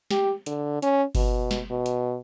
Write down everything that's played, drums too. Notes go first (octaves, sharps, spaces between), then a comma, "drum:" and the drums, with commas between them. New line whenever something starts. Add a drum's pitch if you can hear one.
G4, drum: snare
D3, drum: hi-hat
C#4, drum: hi-hat
B2, drum: kick G1, open hi-hat
drum: snare
B2
drum: hi-hat